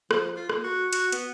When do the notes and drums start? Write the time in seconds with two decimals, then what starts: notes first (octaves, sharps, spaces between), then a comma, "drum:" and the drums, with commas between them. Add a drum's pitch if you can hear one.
0.11 F3, drum: rim click
0.36 F4
0.50 A#3, drum: rim click
0.64 F#4
0.93 F#4, drum: hi-hat
1.12 B3, drum: hi-hat